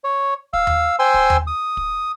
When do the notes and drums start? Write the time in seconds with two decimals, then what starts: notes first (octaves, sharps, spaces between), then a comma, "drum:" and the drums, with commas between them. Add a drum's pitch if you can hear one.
0.04 C#5
0.53 F5 E6, drum: kick
0.67 drum: tom D#2
0.99 C5 G5 G#5 C6 E6
1.14 drum: kick
1.30 drum: tom D#2
1.47 D#6
1.77 drum: kick